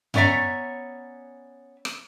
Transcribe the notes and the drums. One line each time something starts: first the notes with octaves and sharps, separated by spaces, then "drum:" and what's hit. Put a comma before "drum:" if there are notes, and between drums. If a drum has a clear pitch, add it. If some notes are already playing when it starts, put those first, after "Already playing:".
B3 C#4 C#5 D5 E5 A#5, drum: tom F#2
drum: rim click